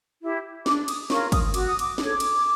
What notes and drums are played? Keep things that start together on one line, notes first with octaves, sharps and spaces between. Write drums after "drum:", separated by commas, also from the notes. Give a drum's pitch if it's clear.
E4 G4
D4 D6, drum: snare
D#6, drum: cymbal
F4 A#4 C#5 C#6, drum: snare
D#6, drum: kick, cymbal
F#4 D6, drum: cymbal
D#6
D6, drum: cymbal
A4 C#5, drum: snare
drum: cymbal